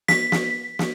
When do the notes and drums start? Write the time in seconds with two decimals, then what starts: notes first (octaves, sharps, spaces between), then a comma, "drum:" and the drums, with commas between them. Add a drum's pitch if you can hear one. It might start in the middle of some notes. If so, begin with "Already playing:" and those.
0.08 B6, drum: snare
0.32 drum: snare
0.79 drum: snare